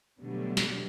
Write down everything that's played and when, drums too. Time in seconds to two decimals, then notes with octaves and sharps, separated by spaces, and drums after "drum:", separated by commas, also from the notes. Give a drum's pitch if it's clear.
0.19 B2 D3 F#3 G3 A3
0.57 drum: snare